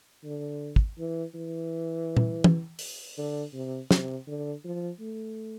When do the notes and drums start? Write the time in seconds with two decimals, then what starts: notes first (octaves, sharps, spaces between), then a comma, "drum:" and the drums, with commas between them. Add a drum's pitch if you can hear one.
0.24 D3
0.76 drum: kick
0.98 E3
1.35 E3
2.17 drum: tom A#2
2.44 drum: tom
2.79 drum: open hi-hat
3.18 D3
3.54 C3
3.91 C3, drum: snare
4.27 D3
4.64 F3
5.00 A3